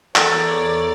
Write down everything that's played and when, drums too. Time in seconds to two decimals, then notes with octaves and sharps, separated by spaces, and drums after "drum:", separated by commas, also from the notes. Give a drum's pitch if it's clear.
0.16 E2 A4 A#4 C#5 D5 A6, drum: clap